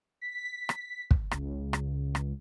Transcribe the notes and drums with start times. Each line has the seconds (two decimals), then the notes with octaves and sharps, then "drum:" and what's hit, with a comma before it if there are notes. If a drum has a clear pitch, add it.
0.21 B6
0.69 drum: rim click
1.11 drum: kick
1.31 C#2, drum: rim click
1.73 drum: rim click
2.15 drum: rim click